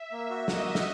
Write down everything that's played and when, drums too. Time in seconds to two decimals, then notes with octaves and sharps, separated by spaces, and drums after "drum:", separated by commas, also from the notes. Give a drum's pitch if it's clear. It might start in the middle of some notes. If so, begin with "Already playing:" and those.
Already playing: E5
0.12 A#3
0.30 F#4
0.48 A#3 D#5, drum: snare
0.66 F#4
0.75 drum: snare